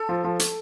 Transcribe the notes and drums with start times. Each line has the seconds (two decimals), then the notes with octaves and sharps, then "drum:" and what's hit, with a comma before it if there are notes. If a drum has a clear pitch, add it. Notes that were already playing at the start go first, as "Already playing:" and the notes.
Already playing: A4
0.09 F3
0.24 F3
0.39 drum: hi-hat